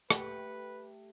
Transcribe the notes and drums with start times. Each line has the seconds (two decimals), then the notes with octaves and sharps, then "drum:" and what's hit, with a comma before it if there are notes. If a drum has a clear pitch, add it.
0.11 A3 G4 B4, drum: rim click